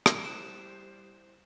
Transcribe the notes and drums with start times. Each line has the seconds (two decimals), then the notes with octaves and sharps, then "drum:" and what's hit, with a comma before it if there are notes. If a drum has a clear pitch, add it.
0.06 drum: rim click
0.24 G3 E4 C5 F#6 C#7 E7